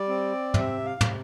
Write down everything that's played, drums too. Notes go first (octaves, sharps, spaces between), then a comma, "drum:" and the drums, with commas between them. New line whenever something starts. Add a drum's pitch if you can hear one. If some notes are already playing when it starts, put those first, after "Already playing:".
Already playing: G3 D5
C4
C3 E5, drum: tom
F5
C3, drum: tom